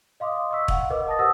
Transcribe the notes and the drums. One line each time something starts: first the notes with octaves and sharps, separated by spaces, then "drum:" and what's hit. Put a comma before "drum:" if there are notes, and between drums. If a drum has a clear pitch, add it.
D#5 F5 C6 D6 D#6
D#5 A#5 C#6 E6 B6
F5 F#5, drum: kick E1
A#4 B4 D#5 D6
D#5 A5 D#6 A6 A#6
G4 A#4 C5 F#5 D#6 E6